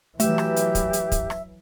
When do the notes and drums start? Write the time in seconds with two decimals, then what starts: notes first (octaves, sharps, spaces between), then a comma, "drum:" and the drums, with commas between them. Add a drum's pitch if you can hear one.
0.20 E3 F#3 A3 G4 E5, drum: hi-hat
0.38 drum: rim click
0.56 drum: hi-hat
0.75 drum: kick, hi-hat
0.93 drum: hi-hat
1.12 drum: kick, hi-hat
1.30 drum: rim click